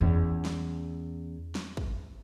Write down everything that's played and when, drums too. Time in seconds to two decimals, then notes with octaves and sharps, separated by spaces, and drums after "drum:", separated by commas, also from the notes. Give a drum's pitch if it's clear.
0.01 E2 C#4
0.45 drum: snare
1.55 drum: snare
1.77 drum: kick